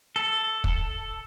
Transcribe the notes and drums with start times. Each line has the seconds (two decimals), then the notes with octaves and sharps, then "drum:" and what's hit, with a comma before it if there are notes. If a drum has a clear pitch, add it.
0.16 A4
0.64 drum: kick